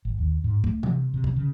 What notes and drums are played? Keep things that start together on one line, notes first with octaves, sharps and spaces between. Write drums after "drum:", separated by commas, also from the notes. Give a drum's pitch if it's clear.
G#1
D#2
G#2
A3, drum: kick
C3, drum: tom E3
C3
drum: kick
C#3